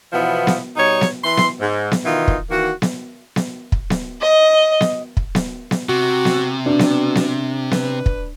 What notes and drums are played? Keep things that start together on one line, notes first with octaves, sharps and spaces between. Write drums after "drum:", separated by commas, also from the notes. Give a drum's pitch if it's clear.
B2 E3 F3 B3 E4
drum: snare B3
B2 G3 D#4 C#5
drum: snare B3
E3 E5 C6
drum: snare B3
G#2
drum: snare B3
B2 D#3 E3 D#4 F4
drum: kick
D#3 E3 A#3 F#4
drum: snare B3
drum: snare B3
drum: kick
drum: snare B3
D#5
drum: snare B3
drum: kick
drum: snare B3
drum: snare B3
C3 F#4
drum: snare B3
B2 D4
drum: snare B3
drum: snare B3
B4, drum: snare B3
drum: kick